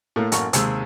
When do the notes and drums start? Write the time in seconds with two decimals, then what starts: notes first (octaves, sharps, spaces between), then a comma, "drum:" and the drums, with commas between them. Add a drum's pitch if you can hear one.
0.16 A2 A3 A#3
0.32 A1 F#2 A#3 C#6, drum: hi-hat
0.53 D#2 C3 G#3 E6, drum: hi-hat